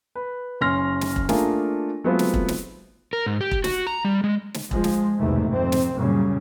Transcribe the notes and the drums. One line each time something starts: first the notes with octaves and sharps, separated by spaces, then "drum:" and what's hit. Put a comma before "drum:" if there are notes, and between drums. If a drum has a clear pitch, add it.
B4
F#1 C#4 C6 F6 A#6
drum: snare
drum: kick E1
A3 A#3 D4 F4 G#4 A#4, drum: snare
F#3 G#3 A3 B3 C4 F4
drum: snare
drum: kick E1
drum: snare
A#4
G#2
G4
drum: kick E1
F#4, drum: snare
A#5
G3
G#3
drum: snare
F3 G#3, drum: kick E1
drum: snare
B1 E2 G#2 C3 D#3 A3
F2 C4
drum: snare
F#2 A#2 C#3 G3